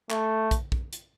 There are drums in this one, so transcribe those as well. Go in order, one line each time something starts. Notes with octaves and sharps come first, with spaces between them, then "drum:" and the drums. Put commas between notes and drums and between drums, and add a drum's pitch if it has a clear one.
A3, drum: clap
drum: kick, hi-hat
drum: kick
drum: hi-hat